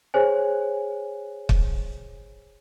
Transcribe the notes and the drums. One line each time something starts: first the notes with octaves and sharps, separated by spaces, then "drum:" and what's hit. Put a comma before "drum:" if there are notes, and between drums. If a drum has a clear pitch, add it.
G#4 C5 C#5 G#5
drum: kick